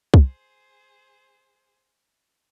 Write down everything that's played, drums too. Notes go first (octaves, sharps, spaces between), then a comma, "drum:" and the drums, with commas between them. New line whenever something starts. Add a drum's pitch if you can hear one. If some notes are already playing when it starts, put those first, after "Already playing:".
G#4 C5, drum: kick